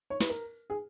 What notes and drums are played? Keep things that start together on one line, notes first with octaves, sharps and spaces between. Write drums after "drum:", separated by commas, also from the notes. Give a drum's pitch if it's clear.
C#5
B4, drum: snare
A#4
G#4